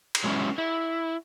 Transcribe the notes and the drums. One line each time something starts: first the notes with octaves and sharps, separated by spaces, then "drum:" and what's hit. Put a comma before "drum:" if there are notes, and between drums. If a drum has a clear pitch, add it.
drum: cymbal
F#3 G#3 B3 C#4 E4
E4